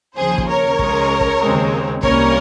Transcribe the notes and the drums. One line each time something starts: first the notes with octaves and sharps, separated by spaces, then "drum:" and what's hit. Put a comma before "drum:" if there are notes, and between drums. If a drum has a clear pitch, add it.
D#2 C#3 F3 G#4 C5
drum: kick
A#4 C#5
C#2 C#3 G#3, drum: kick
drum: kick
D#2 C#3 G#3 C4
C2 C3 G3 A#3 C#4 A#4 C#5, drum: kick